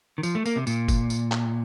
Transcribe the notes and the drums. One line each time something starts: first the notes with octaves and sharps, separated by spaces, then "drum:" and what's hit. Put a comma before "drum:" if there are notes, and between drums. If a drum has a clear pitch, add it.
D#3
F3, drum: tambourine
A3
A#3, drum: tambourine
C3
A#2, drum: tambourine
drum: kick, tambourine
drum: tambourine
drum: clap